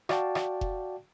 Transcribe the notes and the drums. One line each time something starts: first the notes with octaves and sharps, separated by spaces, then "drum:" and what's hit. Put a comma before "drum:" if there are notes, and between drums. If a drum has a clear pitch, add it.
F#4 D5 F5 G5 A5, drum: rim click
drum: rim click
drum: kick F1